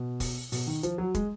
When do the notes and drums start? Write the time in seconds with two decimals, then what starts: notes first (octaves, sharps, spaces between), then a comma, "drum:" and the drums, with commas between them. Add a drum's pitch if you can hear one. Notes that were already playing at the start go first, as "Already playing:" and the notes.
Already playing: B2
0.20 drum: kick, open hi-hat
0.52 B2, drum: open hi-hat
0.67 D#3
0.83 F3, drum: hi-hat
0.98 F#3
1.14 G#3, drum: kick, hi-hat